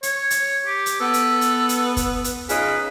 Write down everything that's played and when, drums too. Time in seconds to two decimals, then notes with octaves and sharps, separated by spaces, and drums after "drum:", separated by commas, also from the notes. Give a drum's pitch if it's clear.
0.03 C#5, drum: hi-hat
0.30 drum: hi-hat
0.66 G4
0.86 drum: hi-hat
1.00 B3 A4
1.14 drum: hi-hat
1.41 drum: hi-hat
1.69 drum: hi-hat
1.97 drum: kick, hi-hat
2.24 drum: hi-hat
2.49 C#3 D#4 F4 B4, drum: hi-hat